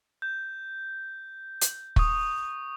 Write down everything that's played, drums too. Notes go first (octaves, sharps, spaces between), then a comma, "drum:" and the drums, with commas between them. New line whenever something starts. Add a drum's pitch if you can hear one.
G6
drum: hi-hat
C#6 D#6, drum: kick